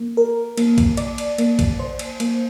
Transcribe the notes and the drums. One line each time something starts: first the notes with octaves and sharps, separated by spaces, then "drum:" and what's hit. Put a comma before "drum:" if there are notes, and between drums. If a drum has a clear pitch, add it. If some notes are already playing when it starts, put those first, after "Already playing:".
Already playing: A#3
A#4
A#3, drum: cymbal
drum: kick A1, cymbal
D5, drum: cymbal
drum: cymbal
A#3, drum: cymbal
drum: kick A1, cymbal
C5
drum: cymbal
A#3, drum: cymbal